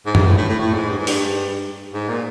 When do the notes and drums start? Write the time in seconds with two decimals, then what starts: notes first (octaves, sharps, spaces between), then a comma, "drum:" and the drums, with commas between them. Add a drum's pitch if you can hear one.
0.06 G#2
0.15 G2, drum: tom F#2
0.26 A2
0.38 A2
0.49 A2
0.59 A2
0.74 G#2
0.90 G2
0.99 G#2
1.07 G2, drum: open hi-hat
1.94 G#2
2.09 A#2